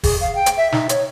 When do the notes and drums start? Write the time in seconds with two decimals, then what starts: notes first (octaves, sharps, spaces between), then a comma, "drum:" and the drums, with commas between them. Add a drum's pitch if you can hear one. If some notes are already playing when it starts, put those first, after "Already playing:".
0.04 G#4, drum: kick F1, open hi-hat
0.21 F5
0.35 G5
0.46 drum: hi-hat
0.57 E5
0.72 D#4, drum: snare
0.89 C#5, drum: hi-hat